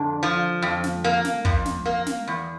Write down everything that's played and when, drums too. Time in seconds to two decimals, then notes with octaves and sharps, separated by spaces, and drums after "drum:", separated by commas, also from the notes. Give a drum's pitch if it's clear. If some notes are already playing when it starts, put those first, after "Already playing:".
Already playing: F2 D3 D4
0.23 F3
0.62 F2
0.84 drum: snare
1.04 A#3
1.25 drum: snare
1.45 F2, drum: kick
1.65 drum: snare
1.86 A#3
2.06 drum: snare
2.28 E2